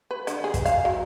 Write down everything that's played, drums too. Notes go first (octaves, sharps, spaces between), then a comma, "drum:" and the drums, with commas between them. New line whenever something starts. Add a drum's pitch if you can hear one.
B4
D3, drum: hi-hat
G#4
drum: kick, hi-hat
F5, drum: hi-hat
F#3